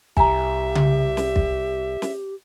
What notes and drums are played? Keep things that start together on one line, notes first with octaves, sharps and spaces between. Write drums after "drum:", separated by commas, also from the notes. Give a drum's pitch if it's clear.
C2 G4 E5 G#5 A#5, drum: kick
drum: tom C#3
drum: snare
drum: kick
drum: snare